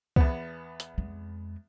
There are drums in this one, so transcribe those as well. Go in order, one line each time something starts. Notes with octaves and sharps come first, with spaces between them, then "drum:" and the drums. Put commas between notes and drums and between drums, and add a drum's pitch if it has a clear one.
E2 B3, drum: kick C2
drum: hi-hat
F2 G#3